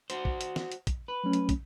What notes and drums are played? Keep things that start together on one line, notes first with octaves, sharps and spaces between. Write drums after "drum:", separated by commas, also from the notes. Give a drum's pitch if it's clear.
F#4 C5, drum: hi-hat
drum: kick
drum: hi-hat
drum: snare
drum: hi-hat
drum: kick, hi-hat
B4
F#3 A3 C#4
drum: hi-hat
drum: kick, hi-hat